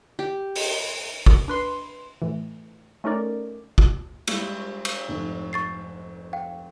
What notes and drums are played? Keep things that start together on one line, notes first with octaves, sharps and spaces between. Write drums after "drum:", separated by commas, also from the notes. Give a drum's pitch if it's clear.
G4
drum: open hi-hat
drum: kick G1
D4 B4 C6
A2 E3
A3 C#4 D#4 A#4 D5
drum: kick G1
G3 G#3 E4, drum: cymbal
drum: cymbal
F1 G#2
C#6 A6 C7
F5 G5